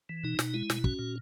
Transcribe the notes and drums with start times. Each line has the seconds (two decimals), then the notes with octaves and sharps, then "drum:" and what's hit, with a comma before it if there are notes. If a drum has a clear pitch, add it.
0.09 E3
0.24 B2 D#4
0.39 B2, drum: snare
0.54 G#3 E4
0.70 B2, drum: snare
0.84 C#4 F#4, drum: kick
0.99 A#2